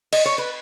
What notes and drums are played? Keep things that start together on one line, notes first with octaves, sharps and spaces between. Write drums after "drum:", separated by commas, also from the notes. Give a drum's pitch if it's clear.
D#5, drum: cymbal
C#5
B4